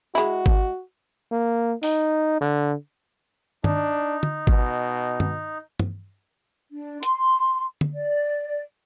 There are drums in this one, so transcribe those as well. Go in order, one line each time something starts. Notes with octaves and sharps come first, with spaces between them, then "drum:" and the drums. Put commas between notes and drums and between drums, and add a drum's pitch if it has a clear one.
G#3 E4 F#4
drum: kick G#1
A#3
D#4, drum: open hi-hat
D3
D4 D#4, drum: tom
drum: tom
B2, drum: kick G#1
drum: tom
drum: tom
D4
C6, drum: hi-hat
drum: tom
D5